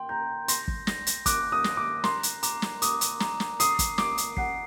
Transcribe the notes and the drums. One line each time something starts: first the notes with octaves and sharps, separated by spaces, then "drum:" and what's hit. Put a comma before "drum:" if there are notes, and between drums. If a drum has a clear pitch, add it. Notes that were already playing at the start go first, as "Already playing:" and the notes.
Already playing: G5 C6
A#5 G6
C6 A#6, drum: hi-hat
drum: kick
A#6, drum: snare
drum: hi-hat
D6 F#6, drum: kick, hi-hat
D#6
A#6, drum: snare
D6
A#5 C6, drum: snare
drum: hi-hat
A#5 D6, drum: hi-hat
drum: snare
D6 D#6, drum: hi-hat
drum: hi-hat
A#5, drum: snare
drum: snare
D#6 C7, drum: hi-hat
drum: kick, hi-hat
D6 D#6, drum: snare
drum: hi-hat
F#5 C7, drum: kick